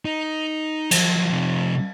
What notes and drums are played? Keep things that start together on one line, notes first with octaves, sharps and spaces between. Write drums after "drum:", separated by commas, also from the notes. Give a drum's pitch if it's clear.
D#4
F3 F#3, drum: cymbal
C3 F3